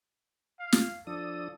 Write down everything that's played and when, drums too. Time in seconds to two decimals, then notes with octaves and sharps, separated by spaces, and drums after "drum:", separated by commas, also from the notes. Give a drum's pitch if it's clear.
0.59 F5
0.72 drum: snare
1.07 F3 D4 A4 D#6